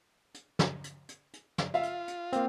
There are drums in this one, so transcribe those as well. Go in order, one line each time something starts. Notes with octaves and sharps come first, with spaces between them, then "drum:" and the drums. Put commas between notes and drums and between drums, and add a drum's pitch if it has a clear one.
drum: hi-hat
drum: snare
drum: hi-hat
drum: hi-hat
drum: hi-hat
drum: snare
F4 E5 F5
drum: hi-hat
drum: hi-hat
A#3 C4, drum: hi-hat